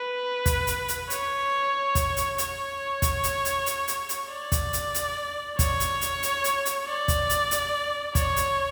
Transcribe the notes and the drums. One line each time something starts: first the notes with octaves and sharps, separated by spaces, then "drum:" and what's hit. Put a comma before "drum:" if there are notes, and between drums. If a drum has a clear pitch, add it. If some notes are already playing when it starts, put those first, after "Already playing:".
Already playing: B4
drum: kick, hi-hat
drum: hi-hat
drum: hi-hat
C#5, drum: hi-hat
drum: kick, hi-hat
drum: hi-hat
C#5, drum: hi-hat
drum: kick, hi-hat
drum: hi-hat
drum: hi-hat
drum: hi-hat
drum: hi-hat
drum: hi-hat
D5
drum: kick, hi-hat
drum: hi-hat
drum: hi-hat
C#5, drum: kick, hi-hat
drum: hi-hat
drum: hi-hat
drum: hi-hat
drum: hi-hat
drum: hi-hat
D5
drum: kick, hi-hat
drum: hi-hat
drum: hi-hat
C#5, drum: kick, hi-hat
drum: hi-hat